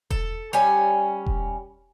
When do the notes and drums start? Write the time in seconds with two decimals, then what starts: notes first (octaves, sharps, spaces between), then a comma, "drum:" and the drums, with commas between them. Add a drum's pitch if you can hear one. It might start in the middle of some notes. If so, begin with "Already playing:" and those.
0.11 A4, drum: kick E1
0.53 G3 C#4 G#5
1.26 drum: kick E1